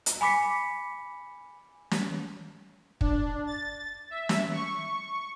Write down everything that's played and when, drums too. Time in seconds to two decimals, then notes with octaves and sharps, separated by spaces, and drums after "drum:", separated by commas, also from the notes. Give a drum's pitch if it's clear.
0.06 drum: hi-hat
0.21 G#5 B5 D6 B6 C#7
1.91 drum: snare
3.01 D4, drum: kick
3.47 A6
4.11 E5
4.29 drum: snare
4.52 C#6